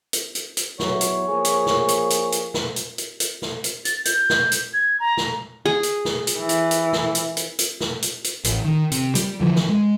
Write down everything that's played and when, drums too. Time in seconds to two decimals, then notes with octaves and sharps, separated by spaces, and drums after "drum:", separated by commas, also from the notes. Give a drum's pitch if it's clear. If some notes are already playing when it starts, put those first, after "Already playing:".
0.13 drum: hi-hat
0.35 drum: hi-hat
0.57 drum: hi-hat
0.80 E2 F#3 C#5, drum: snare
1.01 drum: hi-hat
1.28 F3 A#3 G#4
1.45 drum: hi-hat
1.66 drum: snare
1.88 drum: hi-hat
2.10 drum: hi-hat
2.32 drum: hi-hat
2.54 drum: snare
2.76 drum: hi-hat
2.98 drum: hi-hat
3.20 drum: hi-hat
3.42 drum: snare
3.64 drum: hi-hat
3.85 A6, drum: hi-hat
4.05 G6, drum: hi-hat
4.30 drum: snare
4.52 drum: hi-hat
4.74 G#6
5.00 A#5
5.17 drum: snare
5.66 G#4
5.83 drum: hi-hat
6.05 drum: snare
6.27 drum: hi-hat
6.38 E3
6.49 drum: hi-hat
6.71 drum: hi-hat
6.93 drum: snare
7.15 drum: hi-hat
7.37 drum: hi-hat
7.59 drum: hi-hat
7.81 drum: snare
8.02 drum: hi-hat
8.24 drum: hi-hat
8.44 A1, drum: hi-hat
8.64 D#3
8.92 C3, drum: hi-hat
9.15 G3, drum: hi-hat
9.41 D3 E3 F3
9.56 drum: snare
9.69 G#3